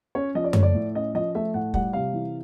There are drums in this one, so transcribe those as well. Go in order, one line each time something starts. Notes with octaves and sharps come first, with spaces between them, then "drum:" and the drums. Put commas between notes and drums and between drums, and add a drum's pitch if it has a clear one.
C#4 C#5
F3 D#5
D5
A3 C#5, drum: tom F#2
D5
A2
C#4 D#5
F3 D#5
A3 E5
A2 F#5
G3 F#5, drum: kick
C3 F5
E3